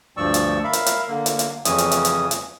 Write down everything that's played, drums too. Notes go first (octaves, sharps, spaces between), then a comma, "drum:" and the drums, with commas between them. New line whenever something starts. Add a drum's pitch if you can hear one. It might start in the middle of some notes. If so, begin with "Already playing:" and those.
D2 G2 F3 D5 C#6 E6
drum: hi-hat
A#4 E5 F5 B5
drum: hi-hat
drum: hi-hat
D3 A#3
drum: hi-hat
drum: hi-hat
F2 C#3 E3 C#4 D#6, drum: hi-hat
drum: hi-hat
drum: hi-hat
drum: hi-hat
drum: hi-hat